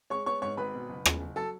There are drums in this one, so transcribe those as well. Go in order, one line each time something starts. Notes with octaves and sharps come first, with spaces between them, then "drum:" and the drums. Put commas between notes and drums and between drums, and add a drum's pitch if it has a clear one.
G#3 C#5 C#6
B3 C#5 C#6
G#2 C#5 C#6
G#1 B4 B5
B2
F#1
E2, drum: rim click
F#1
F#3 A4 A5